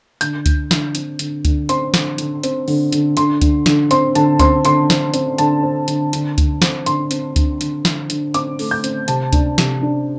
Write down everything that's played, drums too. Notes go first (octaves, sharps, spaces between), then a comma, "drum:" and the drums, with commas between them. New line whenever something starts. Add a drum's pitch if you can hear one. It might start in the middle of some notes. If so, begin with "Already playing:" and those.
D3 G6, drum: hi-hat
D3, drum: kick C#2, hi-hat
D3, drum: snare
C4, drum: hi-hat
D3, drum: hi-hat
D3, drum: kick C#2, hi-hat
C4 C6, drum: hi-hat
D3, drum: snare
D3, drum: hi-hat
C4, drum: hi-hat
D3, drum: open hi-hat
D3, drum: hi-hat
D3 C6, drum: hi-hat
D3, drum: kick C#2, hi-hat
D3, drum: snare
C4 C6, drum: hi-hat
D3 A5, drum: hi-hat
C4 C6, drum: kick C#2, hi-hat
D3 C6, drum: hi-hat
C4, drum: snare
C4, drum: hi-hat
D3 A5, drum: hi-hat
C4
D3, drum: hi-hat
D3, drum: hi-hat
D3, drum: kick C#2, hi-hat
C4, drum: snare
D3 C6, drum: hi-hat
C4, drum: hi-hat
D3, drum: kick C#2, hi-hat
D3, drum: hi-hat
D3, drum: snare
D3, drum: hi-hat
C4 D6, drum: hi-hat
A3, drum: open hi-hat
G6
C4, drum: hi-hat
C3 A5, drum: hi-hat
D4, drum: kick C#2, hi-hat
C3, drum: snare
D4